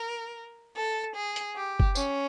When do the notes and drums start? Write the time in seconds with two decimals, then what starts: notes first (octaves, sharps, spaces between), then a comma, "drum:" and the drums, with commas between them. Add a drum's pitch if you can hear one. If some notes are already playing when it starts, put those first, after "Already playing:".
Already playing: A#4
0.76 A4
1.16 G#4
1.36 drum: hi-hat
1.56 G4
1.80 drum: kick F#1
1.95 C#4, drum: tambourine